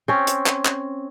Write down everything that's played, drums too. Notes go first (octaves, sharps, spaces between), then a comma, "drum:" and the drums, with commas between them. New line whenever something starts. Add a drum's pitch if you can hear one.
C4 C#4
drum: hi-hat
drum: clap
drum: clap